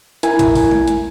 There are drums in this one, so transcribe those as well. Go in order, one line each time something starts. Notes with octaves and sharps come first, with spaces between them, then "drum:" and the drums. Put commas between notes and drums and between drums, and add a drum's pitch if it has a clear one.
E4 A#4 G#5, drum: hi-hat
drum: kick, hi-hat
drum: kick, open hi-hat
drum: tom G#3
drum: hi-hat